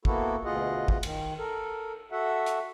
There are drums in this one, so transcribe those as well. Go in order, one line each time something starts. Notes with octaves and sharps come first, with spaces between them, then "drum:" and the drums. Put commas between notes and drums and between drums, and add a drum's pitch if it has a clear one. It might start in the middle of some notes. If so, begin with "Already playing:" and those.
A#3 B3 E4 F#4 A4, drum: kick
D2 B2 F4 G#4 D#5 F#5
drum: kick
D#3, drum: cymbal
A4 A#4
F#4 A4 E5 F#5
drum: hi-hat